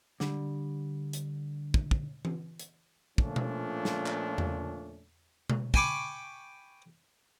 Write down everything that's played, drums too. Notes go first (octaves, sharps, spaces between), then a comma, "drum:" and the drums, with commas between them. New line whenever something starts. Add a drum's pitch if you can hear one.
D3 G3, drum: snare
drum: hi-hat
drum: kick
drum: kick
drum: tom E3
drum: hi-hat
A#2 F3 A3 C#4 D4, drum: kick
drum: tom B2
drum: snare
drum: clap
drum: tom E2
drum: tom B2
G5 G#5 B5 C#6 D6, drum: kick